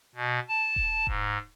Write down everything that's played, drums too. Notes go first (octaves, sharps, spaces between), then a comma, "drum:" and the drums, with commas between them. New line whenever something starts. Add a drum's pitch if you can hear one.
B2
A5
drum: kick D#1
G#2, drum: kick D#1